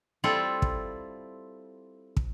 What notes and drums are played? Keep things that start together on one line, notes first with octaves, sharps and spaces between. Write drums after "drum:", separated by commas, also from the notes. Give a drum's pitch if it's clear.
G3 C4 E4 F4 A4
drum: kick
drum: kick